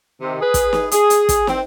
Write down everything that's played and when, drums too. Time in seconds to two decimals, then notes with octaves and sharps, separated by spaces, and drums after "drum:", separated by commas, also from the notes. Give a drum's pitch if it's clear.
0.21 C3 D#3
0.41 G#4 B4
0.54 drum: kick, hi-hat
0.73 drum: snare
0.91 G#4, drum: hi-hat
1.10 drum: hi-hat
1.29 drum: kick, hi-hat
1.47 C4, drum: snare